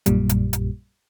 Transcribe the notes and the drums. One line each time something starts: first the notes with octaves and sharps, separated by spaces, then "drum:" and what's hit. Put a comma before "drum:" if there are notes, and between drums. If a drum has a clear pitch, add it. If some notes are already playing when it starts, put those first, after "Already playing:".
A#1 F#2 A#2 G3, drum: hi-hat
drum: hi-hat
drum: hi-hat